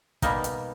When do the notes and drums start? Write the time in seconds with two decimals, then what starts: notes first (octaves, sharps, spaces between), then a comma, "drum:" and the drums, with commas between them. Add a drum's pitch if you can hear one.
0.22 B2 G3 A#3 D#4, drum: kick, hi-hat
0.44 drum: hi-hat